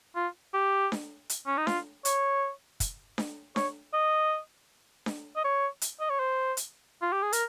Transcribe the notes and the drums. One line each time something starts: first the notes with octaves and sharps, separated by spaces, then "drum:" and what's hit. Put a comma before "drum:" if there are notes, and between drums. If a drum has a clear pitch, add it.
F4
G4
drum: snare D4
drum: hi-hat
C#4
D#4
F4, drum: snare D4
C#5, drum: hi-hat
drum: kick, hi-hat
drum: snare D4
C#5, drum: snare D4
D#5
drum: snare D4
D#5
C#5
drum: hi-hat
D#5
C#5
C5
drum: hi-hat
F4
G4
G#4
A#4, drum: hi-hat